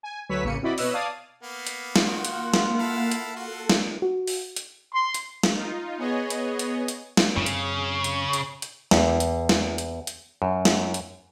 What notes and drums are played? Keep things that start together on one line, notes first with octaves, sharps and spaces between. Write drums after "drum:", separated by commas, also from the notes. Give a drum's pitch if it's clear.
G#5
D2 F#3 B4 C#5 E6 B6
A1 C#3 A#3 C#7 D#7
C4 E4 F#4 D5 D#5 B5
B2 B4 C#5 D#5 E6 F#6, drum: open hi-hat
D5 F5 A5 D#6 G#6
A#3 B3
drum: hi-hat
drum: snare
D#3 A#3 F4 F#4 F#5
drum: hi-hat
drum: snare
E4 A4 F5
drum: hi-hat
F4 F#4 A4
drum: snare
F#4
drum: open hi-hat
drum: hi-hat
C6
drum: hi-hat
drum: snare
D#4 F4
B3 G#4 C#5 D#5
drum: hi-hat
drum: hi-hat
drum: hi-hat
drum: snare
F#2 C#3 C4
drum: hi-hat
drum: hi-hat
drum: hi-hat
drum: hi-hat
E2, drum: snare
drum: hi-hat
drum: snare
drum: hi-hat
drum: hi-hat
F#2
drum: snare
drum: hi-hat